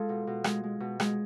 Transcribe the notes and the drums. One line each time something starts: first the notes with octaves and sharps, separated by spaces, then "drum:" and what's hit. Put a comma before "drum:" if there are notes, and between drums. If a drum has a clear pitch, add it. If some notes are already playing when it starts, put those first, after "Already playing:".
Already playing: G#3 F4 A4
B2
B2
G#3, drum: rim click
G#3
B2
G#3, drum: rim click